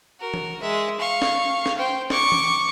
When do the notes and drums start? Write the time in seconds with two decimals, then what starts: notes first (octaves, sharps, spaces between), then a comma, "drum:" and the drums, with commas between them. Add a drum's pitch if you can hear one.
0.20 F#4 A#4
0.34 drum: tom E3
0.61 G#3 E5
1.00 F5 C#6
1.22 drum: snare
1.66 drum: snare
1.78 C5 G5
2.10 C#6 D6, drum: snare
2.32 drum: tom E3